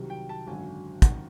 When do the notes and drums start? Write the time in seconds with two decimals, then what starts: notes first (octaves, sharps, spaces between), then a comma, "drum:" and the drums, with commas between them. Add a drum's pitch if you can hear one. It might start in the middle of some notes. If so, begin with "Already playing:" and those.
Already playing: C2 C3 D#3 F#3
0.10 G5
0.29 A5
0.47 G#1 F#2 D3 F#3 G#5
1.02 G#1 F#2 D#3 F#5, drum: kick, hi-hat